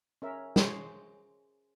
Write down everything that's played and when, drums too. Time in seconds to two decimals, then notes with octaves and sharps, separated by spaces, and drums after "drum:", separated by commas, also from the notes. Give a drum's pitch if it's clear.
0.22 C#4 A#4 E5
0.56 G#4 C5 C#5, drum: snare